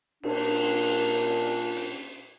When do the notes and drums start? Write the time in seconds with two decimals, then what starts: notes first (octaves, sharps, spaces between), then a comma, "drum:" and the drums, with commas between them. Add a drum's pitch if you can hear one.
0.23 A#2 D4, drum: cymbal
1.76 drum: hi-hat